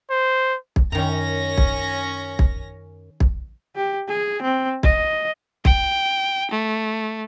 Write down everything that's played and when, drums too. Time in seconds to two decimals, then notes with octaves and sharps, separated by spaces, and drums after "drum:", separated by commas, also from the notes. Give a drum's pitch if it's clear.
0.10 C5
0.76 drum: kick
0.92 F#2 D#3 C#4 A#5 A#6
1.58 drum: kick
2.39 drum: kick
3.20 drum: kick
3.76 G4
4.08 G#4
4.42 C4
4.83 D#5, drum: kick
5.65 G5, drum: kick
6.51 A3